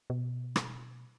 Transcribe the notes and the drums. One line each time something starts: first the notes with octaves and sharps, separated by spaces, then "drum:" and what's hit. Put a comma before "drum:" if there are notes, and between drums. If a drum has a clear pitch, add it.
B2
drum: rim click